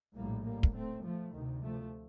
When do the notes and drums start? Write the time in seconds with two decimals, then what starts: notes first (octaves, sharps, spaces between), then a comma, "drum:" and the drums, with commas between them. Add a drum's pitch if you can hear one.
0.15 A#1 A2 G3 A#3
0.45 G3 A#3
0.63 drum: kick
0.74 A3 C4
1.03 F3 A3
1.33 D2 C3 D#3
1.62 F3 A3